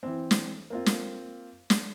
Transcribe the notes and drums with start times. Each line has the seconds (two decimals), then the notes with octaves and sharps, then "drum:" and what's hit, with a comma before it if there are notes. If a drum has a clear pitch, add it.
0.03 E3 C4
0.31 drum: snare
0.70 A#3 C4 F4
0.86 drum: snare
1.70 drum: snare